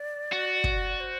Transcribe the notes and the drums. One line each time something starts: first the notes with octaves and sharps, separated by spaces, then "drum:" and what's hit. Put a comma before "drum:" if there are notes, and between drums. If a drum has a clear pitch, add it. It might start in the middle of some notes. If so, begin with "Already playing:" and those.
Already playing: D5
F#4
drum: kick
C5